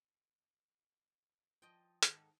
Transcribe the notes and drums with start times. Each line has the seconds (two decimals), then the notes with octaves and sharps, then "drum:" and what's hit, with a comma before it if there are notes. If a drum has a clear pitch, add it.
1.62 F3 D#5 G5
2.03 G#2 D#3 A4, drum: hi-hat